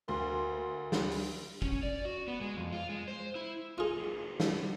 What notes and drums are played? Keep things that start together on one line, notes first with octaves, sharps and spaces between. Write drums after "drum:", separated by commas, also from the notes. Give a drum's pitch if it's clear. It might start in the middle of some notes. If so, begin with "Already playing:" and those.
D2 A#3 C6
drum: snare
drum: open hi-hat
C#4, drum: kick
D5
F#4
B3
G#3
F2
F4
G#3
C5
E4
D#4 F4 G#4
F#3 A#3
drum: snare